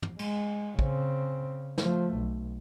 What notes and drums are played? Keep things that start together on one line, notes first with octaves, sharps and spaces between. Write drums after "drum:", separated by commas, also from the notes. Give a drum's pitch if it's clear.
drum: tom
G#3, drum: cymbal
C#3 C4, drum: kick
F3 A3, drum: snare
B1